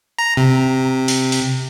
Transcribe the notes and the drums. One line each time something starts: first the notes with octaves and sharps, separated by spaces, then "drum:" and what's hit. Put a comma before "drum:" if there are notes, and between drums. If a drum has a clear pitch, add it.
A#5
C3
drum: open hi-hat
drum: open hi-hat